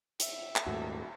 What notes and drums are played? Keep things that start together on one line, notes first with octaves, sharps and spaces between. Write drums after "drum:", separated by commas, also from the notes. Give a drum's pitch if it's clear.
E5, drum: hi-hat
drum: clap
D#1 D#2 G#2 A3 F#4